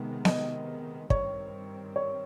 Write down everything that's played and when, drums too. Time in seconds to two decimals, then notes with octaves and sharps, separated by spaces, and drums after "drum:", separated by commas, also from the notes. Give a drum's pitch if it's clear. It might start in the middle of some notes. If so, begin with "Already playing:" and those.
Already playing: C3 D#3 G#3 B3
0.25 D#5, drum: snare B3
1.10 G2 D#3 G3 C4 C#5, drum: kick
1.96 C#5